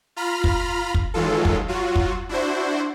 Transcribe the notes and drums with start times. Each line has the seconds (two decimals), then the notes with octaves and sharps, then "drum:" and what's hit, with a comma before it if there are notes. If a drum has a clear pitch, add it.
0.16 F4 A#5 B5 F6
0.44 drum: kick
0.94 drum: kick
1.14 D#3 E3 F#3 G#3 F4 A4
1.45 drum: kick
1.68 F#3 F4 F#4
1.96 drum: kick
2.29 D4 E4 F#4 C5